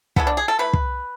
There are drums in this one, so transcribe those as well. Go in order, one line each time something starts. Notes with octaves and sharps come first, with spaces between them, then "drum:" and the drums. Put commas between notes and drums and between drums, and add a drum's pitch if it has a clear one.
E3 G#3 B3 A4, drum: kick
D4
G#4
A4
E3 A3 B4
drum: kick